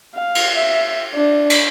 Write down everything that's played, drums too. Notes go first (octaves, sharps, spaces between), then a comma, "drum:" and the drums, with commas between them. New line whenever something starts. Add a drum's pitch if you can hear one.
F5
drum: cymbal
E5
D4
drum: cymbal